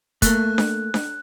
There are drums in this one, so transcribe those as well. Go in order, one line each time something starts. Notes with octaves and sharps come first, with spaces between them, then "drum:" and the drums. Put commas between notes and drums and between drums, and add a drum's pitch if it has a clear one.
A3 A#3 F#6, drum: kick, hi-hat
drum: snare D4
drum: snare D4